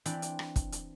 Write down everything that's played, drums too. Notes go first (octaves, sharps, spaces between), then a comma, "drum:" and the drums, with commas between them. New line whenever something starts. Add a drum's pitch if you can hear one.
E3 C4 D4 D5 G5 B5, drum: hi-hat
drum: hi-hat
drum: rim click
drum: kick, hi-hat
drum: hi-hat